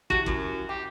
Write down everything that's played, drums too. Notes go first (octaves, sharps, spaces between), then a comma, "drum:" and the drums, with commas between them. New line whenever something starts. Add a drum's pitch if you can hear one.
E4 F#4 G4, drum: kick
F#2, drum: kick
G4 G5